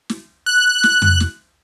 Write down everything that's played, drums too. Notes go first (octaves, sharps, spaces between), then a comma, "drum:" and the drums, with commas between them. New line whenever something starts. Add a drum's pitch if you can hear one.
drum: snare
F#6
drum: snare
drum: tom F2
drum: snare